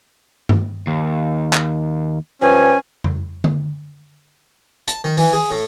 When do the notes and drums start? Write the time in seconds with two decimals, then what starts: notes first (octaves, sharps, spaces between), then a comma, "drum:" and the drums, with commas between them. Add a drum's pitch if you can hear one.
0.49 drum: tom G2
0.87 D#2
1.53 drum: clap
2.42 G2 F3 C#4 G#5
3.04 drum: tom F2
3.44 drum: tom D3
4.88 A5, drum: hi-hat
5.04 D#3
5.17 E3, drum: open hi-hat
5.33 G#4
5.51 A2